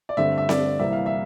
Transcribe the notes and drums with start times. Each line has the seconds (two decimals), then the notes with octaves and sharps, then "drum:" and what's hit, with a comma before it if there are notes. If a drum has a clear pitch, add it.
0.09 D5
0.17 G2 D3 A3 C4 E5
0.38 E5
0.49 D5, drum: snare C4
0.79 C2 C3 E3 G3 A#3 E5
0.92 F5
1.06 E5